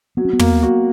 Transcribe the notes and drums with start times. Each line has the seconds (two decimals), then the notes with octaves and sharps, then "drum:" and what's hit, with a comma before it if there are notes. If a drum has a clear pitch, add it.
0.17 F#3 B3
0.25 C#4
0.33 B3
0.39 A#3, drum: tom
0.63 F#4